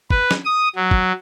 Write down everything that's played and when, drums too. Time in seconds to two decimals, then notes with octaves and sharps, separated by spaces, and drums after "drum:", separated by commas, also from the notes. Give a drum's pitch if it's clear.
0.10 B4, drum: kick
0.31 drum: snare
0.45 D#6
0.76 F#3
0.91 drum: kick